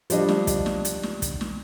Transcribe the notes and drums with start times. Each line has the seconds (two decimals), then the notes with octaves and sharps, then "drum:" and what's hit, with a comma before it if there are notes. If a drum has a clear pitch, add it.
0.10 F3 G3 D4 D#5, drum: hi-hat
0.29 drum: snare
0.47 drum: kick, hi-hat
0.66 drum: snare
0.85 drum: hi-hat
1.03 drum: snare
1.22 drum: kick, hi-hat
1.41 drum: snare